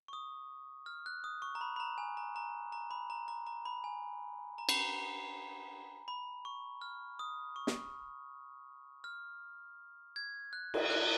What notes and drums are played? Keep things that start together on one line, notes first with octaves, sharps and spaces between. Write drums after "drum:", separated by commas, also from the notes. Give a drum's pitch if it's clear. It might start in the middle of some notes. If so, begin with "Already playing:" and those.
C#6
D#6
F6
F#6
D#6
C#6
A#5
B5
B5
A#5
G#5
A#5
A#5
A#5
B5
A#5
A#5
A#5
B5
G#5
A#5
B5, drum: cymbal
A#5
B5
C#6
F6
D#6
C#6
drum: snare
F6
G#6
F#6
drum: cymbal
F#6